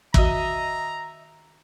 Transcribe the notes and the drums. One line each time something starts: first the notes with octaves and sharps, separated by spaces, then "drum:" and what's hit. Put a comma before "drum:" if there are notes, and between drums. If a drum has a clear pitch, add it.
D#3 F#4 D#5 E5 A#5, drum: kick